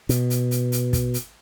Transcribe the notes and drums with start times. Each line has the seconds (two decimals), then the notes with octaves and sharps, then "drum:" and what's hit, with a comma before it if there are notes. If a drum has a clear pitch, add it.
0.09 B2, drum: hi-hat
0.30 drum: hi-hat
0.51 drum: hi-hat
0.72 drum: hi-hat
0.93 drum: kick, hi-hat
1.14 drum: hi-hat